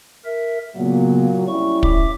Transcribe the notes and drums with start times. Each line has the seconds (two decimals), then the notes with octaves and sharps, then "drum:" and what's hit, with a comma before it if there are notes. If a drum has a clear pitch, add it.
0.25 A#4 E5
0.77 A#2 C#3 F#3 A#3 B3
1.48 G3 C#4 E4 C#6
1.83 E5 D6, drum: kick